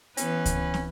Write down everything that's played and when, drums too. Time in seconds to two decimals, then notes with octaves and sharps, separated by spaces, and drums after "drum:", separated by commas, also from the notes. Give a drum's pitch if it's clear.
0.17 E3 B3 C#4 B4, drum: hi-hat
0.46 drum: kick C#2, hi-hat
0.74 drum: snare